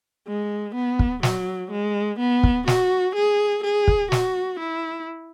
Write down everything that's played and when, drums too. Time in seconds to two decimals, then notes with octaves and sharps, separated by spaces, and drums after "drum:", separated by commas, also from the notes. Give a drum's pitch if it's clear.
0.27 G#3
0.75 B3
0.99 drum: kick
1.23 F#3, drum: snare
1.72 G#3
2.20 B3
2.43 drum: kick
2.68 F#4, drum: snare
3.15 G#4
3.64 G#4
3.88 drum: kick
4.12 F#4, drum: snare
4.60 E4